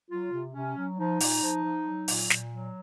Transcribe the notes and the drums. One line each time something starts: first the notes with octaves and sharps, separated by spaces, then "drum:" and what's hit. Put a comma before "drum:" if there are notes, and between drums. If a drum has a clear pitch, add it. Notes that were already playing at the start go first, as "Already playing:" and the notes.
F#3 F4
C3
C3 C#4
F#3
F3 D#4
A#2, drum: open hi-hat
F3
F3
F#3
A#2, drum: open hi-hat
A#2, drum: snare
F#3